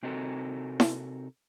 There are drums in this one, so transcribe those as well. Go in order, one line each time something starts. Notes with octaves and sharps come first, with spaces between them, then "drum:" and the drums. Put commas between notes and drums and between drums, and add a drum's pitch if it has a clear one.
C3 C4 D#4 F#4 A4 A#4
drum: snare E4